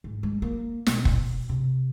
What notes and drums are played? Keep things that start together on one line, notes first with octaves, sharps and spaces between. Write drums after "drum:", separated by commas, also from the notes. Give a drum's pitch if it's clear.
G#2
G#3
A#3
B2, drum: snare
drum: kick F1
C3